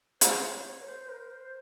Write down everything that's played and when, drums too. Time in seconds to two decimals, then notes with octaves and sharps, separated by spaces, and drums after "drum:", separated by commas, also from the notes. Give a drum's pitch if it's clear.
0.21 C5, drum: hi-hat
0.43 C#5
0.65 C#5
0.82 A#4
0.86 C5
1.04 C5
1.09 A#4
1.31 C5